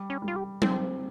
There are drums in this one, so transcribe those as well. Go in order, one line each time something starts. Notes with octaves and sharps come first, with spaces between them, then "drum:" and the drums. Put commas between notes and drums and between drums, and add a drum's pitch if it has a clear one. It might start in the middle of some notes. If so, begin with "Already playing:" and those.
Already playing: G3
C#4
G3
F4
G4
G3 C4, drum: tom F#3